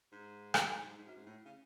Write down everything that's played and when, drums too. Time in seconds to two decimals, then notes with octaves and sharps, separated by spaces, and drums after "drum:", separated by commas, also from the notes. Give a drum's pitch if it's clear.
0.11 G#2
0.54 drum: rim click
0.68 G#2
0.83 G#2
0.97 G#2
1.06 F#2
1.16 G#2
1.26 A2
1.45 C#3